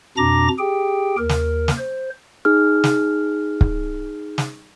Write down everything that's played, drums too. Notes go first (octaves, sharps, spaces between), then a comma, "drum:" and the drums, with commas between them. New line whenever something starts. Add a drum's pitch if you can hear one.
F2 B2 D4 A#5 D6 A#6
G4 G#4 G5
D#2 A#4
drum: snare
drum: snare
C5
D#4 G#4 F6
drum: snare
drum: kick
drum: snare